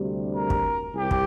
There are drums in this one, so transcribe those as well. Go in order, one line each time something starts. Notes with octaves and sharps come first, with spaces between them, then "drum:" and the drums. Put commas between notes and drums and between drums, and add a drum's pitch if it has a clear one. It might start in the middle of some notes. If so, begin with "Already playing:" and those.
Already playing: D2 C3 G3
A#4
drum: kick
C2 G4
drum: kick